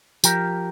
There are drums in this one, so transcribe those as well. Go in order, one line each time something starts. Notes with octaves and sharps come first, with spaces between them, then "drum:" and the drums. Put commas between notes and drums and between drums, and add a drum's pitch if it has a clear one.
F3 G4 A#4, drum: tambourine